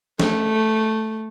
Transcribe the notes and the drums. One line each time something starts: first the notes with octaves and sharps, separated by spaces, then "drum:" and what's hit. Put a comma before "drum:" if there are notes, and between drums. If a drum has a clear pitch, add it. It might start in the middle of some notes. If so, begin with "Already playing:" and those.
A3, drum: snare